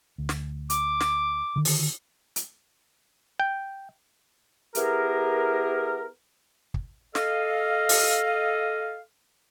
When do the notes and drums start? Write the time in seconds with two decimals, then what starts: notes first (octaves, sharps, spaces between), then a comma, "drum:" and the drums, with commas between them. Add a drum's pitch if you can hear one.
0.18 D2
0.29 drum: snare
0.70 D6, drum: hi-hat
1.00 drum: snare
1.56 D3 D#3
1.65 drum: open hi-hat
2.36 drum: hi-hat
3.40 G5
4.75 B3 E4 G4 G#4 A#4, drum: hi-hat
6.74 drum: kick
7.15 A4 D#5 F5, drum: snare
7.89 drum: open hi-hat